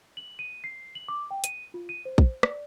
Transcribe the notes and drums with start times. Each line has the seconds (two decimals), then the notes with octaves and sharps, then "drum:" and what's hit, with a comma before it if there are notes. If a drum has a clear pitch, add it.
0.17 F#7
0.39 D#7
0.64 C7
0.95 F#7
1.08 D6
1.31 G5
1.44 D#7, drum: hi-hat
1.74 F4
1.89 D#7
2.05 C5
2.18 drum: kick
2.43 D5, drum: rim click